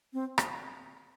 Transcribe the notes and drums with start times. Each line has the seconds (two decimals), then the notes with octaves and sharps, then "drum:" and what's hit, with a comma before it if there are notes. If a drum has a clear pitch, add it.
0.13 C4
0.38 drum: rim click